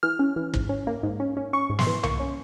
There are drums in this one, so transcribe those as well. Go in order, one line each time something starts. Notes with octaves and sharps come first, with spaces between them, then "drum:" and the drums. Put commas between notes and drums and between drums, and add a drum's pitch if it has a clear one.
E3 F6
C#4
E3
G#2, drum: kick
C#4
A#3
G#2
C#4
C#4
C#4 C#6
G#2
C6, drum: snare
E3
A#3 C#6, drum: tom C2
C#4